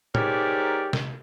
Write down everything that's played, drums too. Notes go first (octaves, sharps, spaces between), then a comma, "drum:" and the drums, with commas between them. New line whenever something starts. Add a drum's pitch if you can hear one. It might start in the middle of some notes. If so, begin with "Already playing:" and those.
G#2 G4 A#4 C#5 D5, drum: tom A2
drum: snare C3